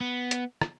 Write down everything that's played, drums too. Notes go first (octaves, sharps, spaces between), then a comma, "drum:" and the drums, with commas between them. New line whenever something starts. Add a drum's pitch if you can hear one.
B3
drum: hi-hat
drum: rim click